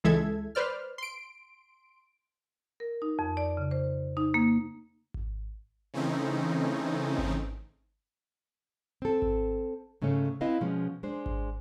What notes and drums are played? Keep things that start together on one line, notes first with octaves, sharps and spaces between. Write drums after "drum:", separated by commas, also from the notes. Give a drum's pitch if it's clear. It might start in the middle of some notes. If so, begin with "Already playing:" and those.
C#2 E3 G#3 A4 E5 G#6
B4 C5 D5 F6
C6 D7
A#4
D#4
F2
D5
C#3
C5
D#4
A#3
drum: kick G#1
C#3 E3 A3 C4 C#4 D#4
drum: kick G#1
C4 A4
drum: kick G#1
G#2 C#3 G#3 A3 C#4
C4 E4 B4 D#5 F5
B2 F3 G#3 C#4
G#3 D4 C5
drum: kick G#1